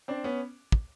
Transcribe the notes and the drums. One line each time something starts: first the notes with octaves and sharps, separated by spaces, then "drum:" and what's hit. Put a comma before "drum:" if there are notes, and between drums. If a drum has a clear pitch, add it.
C4 D4
B3 C#4
drum: kick